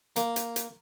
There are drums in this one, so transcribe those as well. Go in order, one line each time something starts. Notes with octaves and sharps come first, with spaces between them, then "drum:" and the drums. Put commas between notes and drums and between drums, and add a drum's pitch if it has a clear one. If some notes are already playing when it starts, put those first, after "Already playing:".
A#3, drum: hi-hat
drum: hi-hat
drum: hi-hat